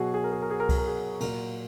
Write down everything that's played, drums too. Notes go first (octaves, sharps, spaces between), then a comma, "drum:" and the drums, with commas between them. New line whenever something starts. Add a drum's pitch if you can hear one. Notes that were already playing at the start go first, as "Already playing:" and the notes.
Already playing: B2 F#3 F#4 G#4
G#4
A#4
G#4
A#4
G#4
A#4
G#4, drum: kick C2, cymbal
A#4
G#4
A#2 F#3 A#4, drum: cymbal